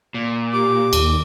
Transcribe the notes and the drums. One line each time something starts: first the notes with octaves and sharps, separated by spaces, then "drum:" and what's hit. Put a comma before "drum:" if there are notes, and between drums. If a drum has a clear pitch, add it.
A#2
G4 D6
D#2, drum: cymbal